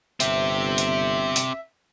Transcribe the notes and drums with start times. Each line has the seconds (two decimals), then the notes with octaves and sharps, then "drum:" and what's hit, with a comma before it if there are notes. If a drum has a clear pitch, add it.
0.20 G1 C4 G4 E5, drum: hi-hat
0.78 drum: hi-hat
1.36 drum: hi-hat